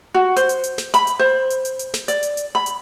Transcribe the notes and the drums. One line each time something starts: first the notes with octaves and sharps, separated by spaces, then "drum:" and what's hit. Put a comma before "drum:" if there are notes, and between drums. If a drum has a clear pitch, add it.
F#4
C5, drum: hi-hat
drum: hi-hat
drum: hi-hat
drum: snare
B5, drum: hi-hat
drum: hi-hat
C5
drum: hi-hat
drum: hi-hat
drum: hi-hat
drum: snare
D5, drum: hi-hat
drum: hi-hat
drum: hi-hat
B5
drum: hi-hat